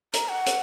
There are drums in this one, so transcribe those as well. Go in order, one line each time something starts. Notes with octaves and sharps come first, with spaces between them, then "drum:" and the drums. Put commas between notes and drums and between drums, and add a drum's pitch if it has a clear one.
A#5, drum: hi-hat
F#5
drum: hi-hat